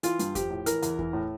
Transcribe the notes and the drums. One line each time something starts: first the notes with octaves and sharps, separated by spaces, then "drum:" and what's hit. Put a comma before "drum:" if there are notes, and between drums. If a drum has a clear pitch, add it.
E3 F4, drum: hi-hat
G2, drum: hi-hat
F3 G4, drum: kick E2, hi-hat
A2
E3 A#4, drum: hi-hat
E2, drum: hi-hat
E3, drum: kick E2
A2